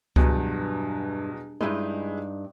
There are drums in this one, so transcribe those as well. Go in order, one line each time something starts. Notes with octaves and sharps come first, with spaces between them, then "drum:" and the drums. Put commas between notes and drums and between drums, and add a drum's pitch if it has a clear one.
E2 G2 B2 F#3, drum: kick C#2
G2 G#3 D#4 E4